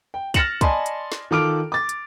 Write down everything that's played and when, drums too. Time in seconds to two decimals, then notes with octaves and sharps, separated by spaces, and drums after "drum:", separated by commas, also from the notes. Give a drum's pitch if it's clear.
0.14 G5
0.34 F6 A6 A#6 C#7 E7 F#7, drum: kick, hi-hat
0.61 D5 D#5 G#5 A5 B5 C6, drum: kick, hi-hat
0.86 drum: hi-hat
1.12 drum: snare
1.31 D#3 F4 A4 D6 F6 D7
1.72 D6 A6
1.89 drum: hi-hat